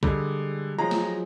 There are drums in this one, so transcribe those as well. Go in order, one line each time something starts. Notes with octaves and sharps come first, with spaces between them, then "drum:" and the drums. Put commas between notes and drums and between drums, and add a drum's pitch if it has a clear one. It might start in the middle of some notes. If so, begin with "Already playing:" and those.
D3 G3 G#3, drum: kick
F3 F#3 G#3 A#5
drum: snare